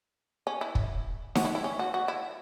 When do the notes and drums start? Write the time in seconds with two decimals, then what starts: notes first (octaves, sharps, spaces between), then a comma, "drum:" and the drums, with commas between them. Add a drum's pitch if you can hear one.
0.47 C#4
0.61 E4
0.75 drum: kick
1.35 F#4, drum: snare D#4
1.45 E4
1.55 E4
1.64 C#4
1.79 F#4
1.94 F#4
2.08 E4